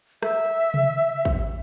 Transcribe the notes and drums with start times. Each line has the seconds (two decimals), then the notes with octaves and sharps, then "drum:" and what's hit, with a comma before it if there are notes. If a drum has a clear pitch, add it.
0.23 E5, drum: rim click
0.74 drum: tom C3
1.25 drum: kick